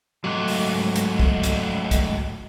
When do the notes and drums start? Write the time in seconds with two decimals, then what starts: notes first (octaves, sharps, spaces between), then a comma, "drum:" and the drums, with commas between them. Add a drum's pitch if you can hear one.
0.24 C#2 G#2 F#3 A3 F#6
0.48 drum: open hi-hat
0.96 drum: hi-hat
1.20 drum: kick
1.43 drum: hi-hat
1.91 drum: kick, hi-hat